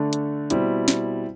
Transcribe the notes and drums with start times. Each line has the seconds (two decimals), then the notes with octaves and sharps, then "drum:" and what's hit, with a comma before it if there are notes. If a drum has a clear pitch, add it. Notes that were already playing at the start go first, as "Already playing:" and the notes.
Already playing: D3 A3 D4
0.13 drum: hi-hat
0.50 B2 G3 C4 E4, drum: hi-hat
0.88 drum: snare